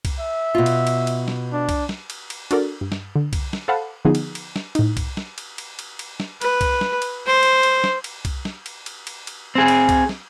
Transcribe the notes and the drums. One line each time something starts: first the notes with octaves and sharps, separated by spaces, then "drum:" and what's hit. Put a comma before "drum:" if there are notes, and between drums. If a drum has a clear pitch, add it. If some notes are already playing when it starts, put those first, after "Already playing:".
drum: kick, cymbal
E5
B2 F4
drum: cymbal
drum: cymbal
drum: cymbal
drum: snare
D4
drum: kick, cymbal
drum: snare
drum: cymbal
drum: cymbal
D4 F#4 A4 A#4 D5, drum: cymbal
G2
drum: snare
D3
drum: kick, cymbal
drum: snare
A4 C5 F5 F#5 A5 B5
D3 F3 B3 D#4 G#4
drum: cymbal
drum: cymbal
drum: snare
A2 D#4, drum: cymbal
drum: kick, cymbal
drum: snare
drum: cymbal
drum: cymbal
drum: cymbal
drum: cymbal
drum: snare
B4, drum: cymbal
drum: kick, cymbal
drum: snare
drum: cymbal
C5
drum: cymbal
drum: cymbal
drum: snare
drum: cymbal
drum: kick, cymbal
drum: snare
drum: cymbal
drum: cymbal
drum: cymbal
drum: cymbal
C4 G#4
drum: cymbal
drum: kick, cymbal
drum: snare